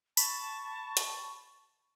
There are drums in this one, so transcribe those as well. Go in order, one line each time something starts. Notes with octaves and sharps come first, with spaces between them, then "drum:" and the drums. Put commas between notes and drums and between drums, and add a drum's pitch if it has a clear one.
A5 B5 C#6, drum: tambourine
drum: hi-hat